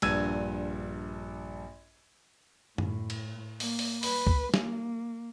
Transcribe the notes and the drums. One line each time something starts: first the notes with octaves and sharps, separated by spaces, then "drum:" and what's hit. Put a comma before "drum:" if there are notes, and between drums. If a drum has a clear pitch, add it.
A#1 G2 E6 G#6 D#7, drum: cymbal
A2, drum: tom F#2
drum: cymbal
A#3, drum: open hi-hat
drum: open hi-hat
B4, drum: open hi-hat
drum: kick C#2
A#3, drum: snare